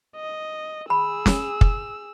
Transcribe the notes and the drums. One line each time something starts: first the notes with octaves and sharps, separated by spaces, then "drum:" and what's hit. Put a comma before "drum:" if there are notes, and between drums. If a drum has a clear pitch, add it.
D#5
G#4 B5 E6
drum: snare
drum: kick